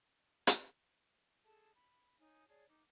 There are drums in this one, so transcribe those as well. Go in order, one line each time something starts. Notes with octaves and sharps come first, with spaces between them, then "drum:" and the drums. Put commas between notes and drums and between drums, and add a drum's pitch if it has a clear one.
drum: hi-hat
G#4 A4 A5
B5
D#4 C#5 G#5 D#6
G#4 C#5 D5 A5
D#4 D6